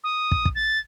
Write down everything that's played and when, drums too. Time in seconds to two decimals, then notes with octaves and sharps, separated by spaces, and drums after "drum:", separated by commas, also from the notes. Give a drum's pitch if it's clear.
0.04 D#6
0.31 drum: kick
0.45 drum: kick
0.55 A6